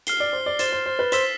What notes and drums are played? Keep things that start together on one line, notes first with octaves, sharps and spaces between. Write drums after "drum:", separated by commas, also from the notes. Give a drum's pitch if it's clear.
F6 C7 G7, drum: hi-hat
D5
C5
D5
C5 A6 E7 G7, drum: hi-hat
C5
C5
B4
C5 E6 B6 E7 G7, drum: hi-hat